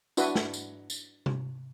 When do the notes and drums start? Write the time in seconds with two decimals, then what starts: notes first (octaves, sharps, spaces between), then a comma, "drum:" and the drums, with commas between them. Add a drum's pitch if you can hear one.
0.17 D4 E4 F#4 B4, drum: tambourine
0.35 drum: snare
0.54 drum: tambourine
0.90 drum: tambourine
1.26 drum: tom C3